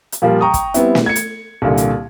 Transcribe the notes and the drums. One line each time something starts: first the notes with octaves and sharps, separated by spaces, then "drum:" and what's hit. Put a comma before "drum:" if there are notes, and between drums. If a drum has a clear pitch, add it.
drum: hi-hat
A#2 F3 G3 A#3
G5 A#5 C#6 D#6
drum: kick, hi-hat
G3 B3 C4 E4, drum: hi-hat
drum: snare
G#6 C#7
drum: hi-hat
C2 A#2 D3
drum: hi-hat